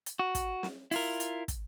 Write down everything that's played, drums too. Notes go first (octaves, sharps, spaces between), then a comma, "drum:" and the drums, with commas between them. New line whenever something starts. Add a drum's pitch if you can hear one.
drum: hi-hat
F#4
drum: kick, hi-hat
drum: snare
E4 F4 A#4, drum: open hi-hat
drum: hi-hat
drum: kick, hi-hat